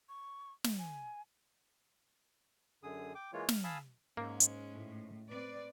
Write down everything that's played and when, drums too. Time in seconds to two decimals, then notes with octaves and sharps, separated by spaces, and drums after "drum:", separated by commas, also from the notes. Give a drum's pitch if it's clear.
0.09 C#6
0.64 drum: snare
0.79 G#5
2.83 F#2 D3 G#4 D#6
3.15 G5 D6
3.33 E3 G#3 A#3 F4 C#5
3.49 F6, drum: snare
3.64 F5 G#5 A5 B5 D#6 E6
4.17 G#2 G#3 A#3 C#4
4.40 drum: hi-hat
4.73 A2
5.29 C4 B4 D5